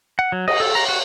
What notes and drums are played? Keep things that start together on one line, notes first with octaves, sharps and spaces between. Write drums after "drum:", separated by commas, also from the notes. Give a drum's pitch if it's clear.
F#5
F#3
D#5, drum: cymbal
A4
A#5
F#4